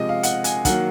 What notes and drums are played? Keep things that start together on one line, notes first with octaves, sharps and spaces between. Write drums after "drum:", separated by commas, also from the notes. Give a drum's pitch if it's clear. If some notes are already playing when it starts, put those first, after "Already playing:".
Already playing: C3 F3 G#3 D#5
F5
F#5, drum: hi-hat
G#5, drum: hi-hat
D#3 F#3 A#3 F#5, drum: kick, hi-hat